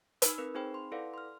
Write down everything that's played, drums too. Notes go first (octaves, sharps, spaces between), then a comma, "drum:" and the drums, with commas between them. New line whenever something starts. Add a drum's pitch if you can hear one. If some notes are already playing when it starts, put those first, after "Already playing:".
D#4 B5 E6 F6, drum: hi-hat
C4 A#4 B4
C4 D#4 G#4 C5 G5 B5
C6
E4 A4 B4 D5 F5 F#5
C6 F6